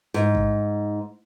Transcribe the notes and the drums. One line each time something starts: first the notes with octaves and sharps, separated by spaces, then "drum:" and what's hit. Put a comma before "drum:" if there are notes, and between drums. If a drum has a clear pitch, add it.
G#2
drum: kick A1